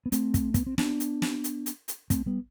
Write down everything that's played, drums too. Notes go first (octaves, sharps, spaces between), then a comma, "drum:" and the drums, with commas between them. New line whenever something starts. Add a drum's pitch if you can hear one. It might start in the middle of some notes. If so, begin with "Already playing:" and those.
B3
A3 C4, drum: hi-hat
drum: kick, hi-hat
B3, drum: kick, hi-hat
C4
B3 D4, drum: snare
drum: hi-hat
drum: snare
drum: hi-hat
drum: hi-hat
drum: hi-hat
A3 C4, drum: kick, hi-hat
G3 B3